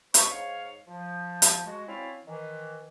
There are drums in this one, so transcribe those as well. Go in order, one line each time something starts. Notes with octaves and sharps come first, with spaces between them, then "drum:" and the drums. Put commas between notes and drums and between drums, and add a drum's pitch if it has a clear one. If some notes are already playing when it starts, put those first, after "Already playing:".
B2 D4 B4 B5 C#6, drum: hi-hat
G#2 C#5 F5
F3
drum: hi-hat
G#3 F#4
C4 C#4 E4 F#4 D5 F5
D#3 E3